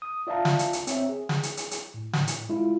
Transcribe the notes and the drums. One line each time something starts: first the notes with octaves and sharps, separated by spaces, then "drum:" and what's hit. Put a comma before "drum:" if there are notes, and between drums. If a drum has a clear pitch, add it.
D#6
F4 D5 E5 F5 A5 A#5
drum: snare
drum: hi-hat
drum: hi-hat
C4 C#5 E5, drum: hi-hat
G#4
drum: snare
drum: hi-hat
drum: hi-hat
drum: hi-hat
A2
drum: snare
drum: hi-hat
G#3 E4 F4